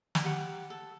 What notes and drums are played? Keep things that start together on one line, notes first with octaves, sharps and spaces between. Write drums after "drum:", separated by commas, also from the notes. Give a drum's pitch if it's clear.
drum: snare
G4 F#5
A4